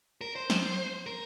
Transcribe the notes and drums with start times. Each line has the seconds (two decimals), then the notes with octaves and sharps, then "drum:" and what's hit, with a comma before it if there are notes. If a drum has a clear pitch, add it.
0.21 A#4
0.36 C5
0.50 drum: snare
1.06 A#4